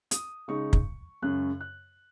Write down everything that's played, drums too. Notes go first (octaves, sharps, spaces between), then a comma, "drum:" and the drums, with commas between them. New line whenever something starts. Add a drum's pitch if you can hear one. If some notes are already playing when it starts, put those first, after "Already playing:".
D#6, drum: hi-hat
C#3 G#3 D#4 C#6
drum: kick
F#2 C#3 G#3 C#4 F#6
F#6